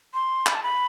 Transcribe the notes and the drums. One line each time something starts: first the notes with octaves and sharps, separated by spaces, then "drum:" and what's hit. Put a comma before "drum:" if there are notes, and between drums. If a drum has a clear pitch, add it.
C6
B5, drum: clap
A5
B5